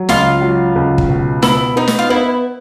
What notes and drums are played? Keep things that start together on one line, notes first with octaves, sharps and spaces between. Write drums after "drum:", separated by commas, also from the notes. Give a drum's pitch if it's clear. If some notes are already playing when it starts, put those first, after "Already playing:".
Already playing: F#3
C#2 F4, drum: snare
F#3
C#2
drum: kick
B2
B3 E4, drum: snare
B3 D#4
drum: snare
F4
B3 E4